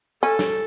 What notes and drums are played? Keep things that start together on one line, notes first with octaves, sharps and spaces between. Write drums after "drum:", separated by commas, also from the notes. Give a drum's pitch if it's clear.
C#4 A4
drum: snare